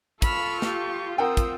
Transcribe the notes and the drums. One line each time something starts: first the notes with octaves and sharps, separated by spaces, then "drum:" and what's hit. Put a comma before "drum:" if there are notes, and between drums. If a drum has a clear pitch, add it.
F4 A4 B5 C#6 E6 F6, drum: kick, hi-hat
G4, drum: snare
C4 A#4 F#5 G5 D#6 E6
drum: kick, hi-hat